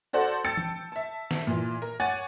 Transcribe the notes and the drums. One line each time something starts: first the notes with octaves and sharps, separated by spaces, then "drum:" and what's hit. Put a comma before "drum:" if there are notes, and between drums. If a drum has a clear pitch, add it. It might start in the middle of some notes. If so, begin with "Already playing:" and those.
F#4 A4 C5 D5 F#5
G5 A5 E6 A6 C#7
drum: tom
E5 A5
drum: snare
A#2 E3
A#4
C#5 F#5 G#5 D6 A6